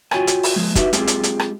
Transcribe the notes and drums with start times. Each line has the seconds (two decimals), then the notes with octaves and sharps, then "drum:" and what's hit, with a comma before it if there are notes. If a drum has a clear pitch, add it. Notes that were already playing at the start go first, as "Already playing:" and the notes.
0.11 F4 F#4 C5 C#5 G5 G#5, drum: rim click
0.27 drum: hi-hat
0.43 drum: open hi-hat
0.56 F3 G#3
0.75 D#4 F#4 G4 B4 E5, drum: kick, hi-hat
0.93 G#3 C4 F4 G4 G#4, drum: hi-hat
1.07 drum: hi-hat
1.23 drum: hi-hat
1.39 drum: rim click